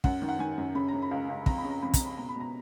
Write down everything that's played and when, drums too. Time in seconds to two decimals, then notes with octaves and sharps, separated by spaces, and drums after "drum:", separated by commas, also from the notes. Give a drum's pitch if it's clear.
0.04 F#2 F#5, drum: kick
0.22 D#3
0.29 F#5
0.39 D#3 G#5
0.58 F#2
0.75 C#3 B5
0.88 A#5
0.94 C#3
1.02 B5
1.11 C#2
1.29 C#2
1.46 F2 A#5, drum: kick
1.58 B5
1.64 C#3
1.70 A#5
1.82 F2 B5
1.94 A#5, drum: kick, hi-hat
2.00 C#3
2.06 B5
2.17 B2 A#5
2.29 B5
2.36 B2 A#5